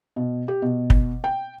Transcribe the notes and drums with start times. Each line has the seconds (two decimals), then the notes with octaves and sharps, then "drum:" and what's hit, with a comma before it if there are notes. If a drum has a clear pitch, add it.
0.16 B2
0.48 G4
0.62 B2
0.90 drum: kick
1.24 G5